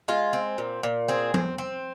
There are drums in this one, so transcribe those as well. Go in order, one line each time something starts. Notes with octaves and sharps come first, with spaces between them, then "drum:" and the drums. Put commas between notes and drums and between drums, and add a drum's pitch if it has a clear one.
G#3 F4
C4
A#2
A#2
C4 G#4
C4, drum: tom
C4